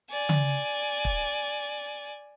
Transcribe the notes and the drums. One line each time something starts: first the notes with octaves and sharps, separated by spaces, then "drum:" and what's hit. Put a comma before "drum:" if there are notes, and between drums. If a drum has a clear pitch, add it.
D5 G#5
drum: tom C#3
drum: kick